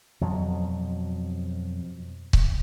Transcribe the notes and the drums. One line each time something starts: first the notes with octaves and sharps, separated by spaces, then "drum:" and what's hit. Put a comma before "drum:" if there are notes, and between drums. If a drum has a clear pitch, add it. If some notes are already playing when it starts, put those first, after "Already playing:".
F2 B2 F#3
drum: kick C#1